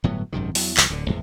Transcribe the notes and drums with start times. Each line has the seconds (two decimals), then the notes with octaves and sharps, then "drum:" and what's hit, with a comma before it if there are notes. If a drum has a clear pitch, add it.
0.04 G1 A2 F#3 B3
0.33 G#1 F#2 C3 D#3
0.55 E2 F#3, drum: open hi-hat
0.77 C2 F3, drum: clap
0.90 D1 D3
1.09 G#1 E2 A2 G#3